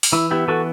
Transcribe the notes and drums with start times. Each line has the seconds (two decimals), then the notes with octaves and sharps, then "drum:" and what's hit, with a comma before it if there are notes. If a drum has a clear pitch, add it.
0.03 drum: open hi-hat
0.12 E3 E4
0.31 B3 E4 G4
0.48 E3 F#4 A4